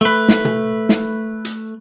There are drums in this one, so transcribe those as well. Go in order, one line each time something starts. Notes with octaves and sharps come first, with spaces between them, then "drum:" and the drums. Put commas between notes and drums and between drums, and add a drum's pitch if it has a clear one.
A3 B4
drum: snare
drum: tom B2
drum: snare
drum: hi-hat